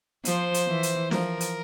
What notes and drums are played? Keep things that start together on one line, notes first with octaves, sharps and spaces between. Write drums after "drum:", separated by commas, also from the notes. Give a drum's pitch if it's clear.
F3 C5, drum: hi-hat
drum: hi-hat
E3
drum: hi-hat
F3 A#4, drum: snare
drum: hi-hat